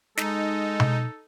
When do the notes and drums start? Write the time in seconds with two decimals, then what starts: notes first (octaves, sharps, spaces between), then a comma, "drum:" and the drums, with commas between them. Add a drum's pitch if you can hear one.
0.17 G#3 D#4 A4, drum: snare
0.80 drum: tom B2